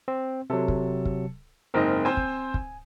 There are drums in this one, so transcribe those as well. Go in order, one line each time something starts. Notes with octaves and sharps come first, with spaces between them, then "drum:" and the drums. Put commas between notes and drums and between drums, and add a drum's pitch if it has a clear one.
C4
C3 F#3 A4
drum: kick
drum: kick
F#1 G#2 C4 A#4 D#5
C4 C5 G#5
drum: kick
drum: kick